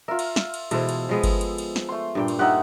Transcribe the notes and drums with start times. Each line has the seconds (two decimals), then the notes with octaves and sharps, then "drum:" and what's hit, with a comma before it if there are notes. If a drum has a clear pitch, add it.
0.08 F4 A#4 E5
0.19 drum: cymbal
0.36 drum: snare
0.54 drum: cymbal
0.71 B2 E3 G#3 A4 C5, drum: cymbal
0.89 drum: cymbal
1.09 F3 G#3 B3
1.24 drum: kick G1, cymbal
1.41 drum: cymbal
1.58 drum: cymbal
1.76 drum: snare
1.89 A3 C6
2.15 G2 A#2 G5
2.28 drum: cymbal
2.39 D#4 F4 G4 E5 F#5